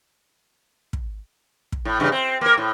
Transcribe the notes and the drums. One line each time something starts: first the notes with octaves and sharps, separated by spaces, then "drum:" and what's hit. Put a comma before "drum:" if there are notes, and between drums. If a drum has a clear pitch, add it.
drum: kick
drum: kick
A2
E2 G2 C#3
C4
A#3 A#4
A2